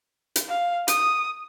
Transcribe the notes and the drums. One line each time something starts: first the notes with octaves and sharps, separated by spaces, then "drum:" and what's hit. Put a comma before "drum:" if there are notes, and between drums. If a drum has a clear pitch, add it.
drum: hi-hat
F5
D#6, drum: hi-hat